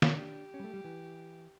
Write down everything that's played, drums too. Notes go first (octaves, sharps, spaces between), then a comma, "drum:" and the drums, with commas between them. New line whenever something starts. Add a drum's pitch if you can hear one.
drum: snare
D4 G4
C#4
G3
A3
G3
E3